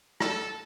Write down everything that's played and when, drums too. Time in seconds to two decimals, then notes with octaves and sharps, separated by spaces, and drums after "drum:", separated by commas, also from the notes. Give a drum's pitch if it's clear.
0.20 A4, drum: rim click